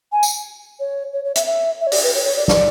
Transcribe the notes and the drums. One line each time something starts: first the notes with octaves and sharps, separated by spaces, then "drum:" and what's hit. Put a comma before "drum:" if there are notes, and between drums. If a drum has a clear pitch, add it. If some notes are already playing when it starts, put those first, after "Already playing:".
G#5
drum: tambourine
C#5
C#5
C#5
E5, drum: hi-hat
E5
E5
C#5
D5, drum: open hi-hat
B4
C#5
C#5
D5
D5, drum: snare